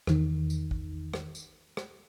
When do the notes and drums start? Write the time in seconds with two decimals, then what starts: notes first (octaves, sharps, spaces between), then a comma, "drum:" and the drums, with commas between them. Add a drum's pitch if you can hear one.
0.07 E2 D#3, drum: rim click
0.50 drum: tambourine
0.71 drum: kick A1
1.14 drum: rim click
1.35 drum: tambourine
1.77 drum: rim click